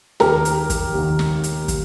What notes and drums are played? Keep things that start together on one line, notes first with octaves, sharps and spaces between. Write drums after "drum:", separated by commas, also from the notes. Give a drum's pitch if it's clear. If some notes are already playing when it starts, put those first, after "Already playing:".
D#2 D#3 G4 A#4, drum: snare
drum: hi-hat
drum: kick, hi-hat
D#2 D#3
drum: snare
drum: hi-hat
drum: kick, hi-hat